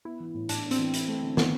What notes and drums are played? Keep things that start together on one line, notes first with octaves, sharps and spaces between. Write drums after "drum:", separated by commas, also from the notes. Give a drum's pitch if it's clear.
B3 E4
E3
A2
A2 D4, drum: hi-hat
B3
C4, drum: hi-hat
E3
E4, drum: hi-hat
A3
D3
D3 B3, drum: snare